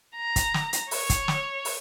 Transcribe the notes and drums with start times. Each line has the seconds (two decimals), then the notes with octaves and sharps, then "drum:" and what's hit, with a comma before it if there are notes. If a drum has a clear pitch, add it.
0.16 A#5
0.36 drum: kick, hi-hat
0.54 drum: snare
0.73 drum: hi-hat
0.91 C#5, drum: open hi-hat
1.10 drum: kick, hi-hat
1.28 drum: snare
1.65 drum: open hi-hat